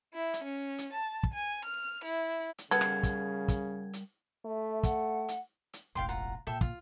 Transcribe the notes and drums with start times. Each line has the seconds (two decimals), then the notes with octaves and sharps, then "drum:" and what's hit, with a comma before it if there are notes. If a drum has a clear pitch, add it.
0.14 E4
0.33 drum: hi-hat
0.44 C#4
0.78 drum: hi-hat
0.93 A5
1.23 drum: kick
1.33 G#5
1.65 F6
2.04 E4
2.58 drum: hi-hat
2.71 C#3 G3 B3 A4 A#4 F#5 G#6
2.81 drum: rim click
3.03 drum: kick, hi-hat
3.48 drum: kick, hi-hat
3.93 drum: hi-hat
4.46 A3 E5
4.83 F#5, drum: kick, hi-hat
5.28 drum: hi-hat
5.73 drum: hi-hat
5.95 E1 A1 F5 G5 C6
6.09 F4 F#5 A#5
6.47 A#2 A#3 A4 E5 G5
6.61 F4, drum: kick